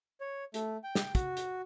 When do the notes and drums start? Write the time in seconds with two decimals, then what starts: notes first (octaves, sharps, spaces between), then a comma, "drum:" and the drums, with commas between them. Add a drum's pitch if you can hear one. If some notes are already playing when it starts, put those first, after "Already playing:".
0.20 C#5
0.54 A3, drum: hi-hat
0.84 G5
0.95 drum: snare
1.15 F#4, drum: kick, hi-hat
1.37 drum: hi-hat